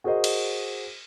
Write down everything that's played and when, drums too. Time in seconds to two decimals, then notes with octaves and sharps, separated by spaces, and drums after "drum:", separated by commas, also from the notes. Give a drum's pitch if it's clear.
0.04 F#4 G#4 A#4 C5 D#5
0.24 drum: cymbal